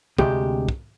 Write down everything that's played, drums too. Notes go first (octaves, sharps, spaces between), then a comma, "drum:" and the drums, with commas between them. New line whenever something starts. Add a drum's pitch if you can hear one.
D2 C3 G#3 G4, drum: kick
drum: kick